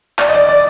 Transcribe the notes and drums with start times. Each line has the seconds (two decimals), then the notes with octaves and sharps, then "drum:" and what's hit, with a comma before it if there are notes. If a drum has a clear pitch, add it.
0.19 D5, drum: clap
0.28 D#5
0.34 D5
0.49 D5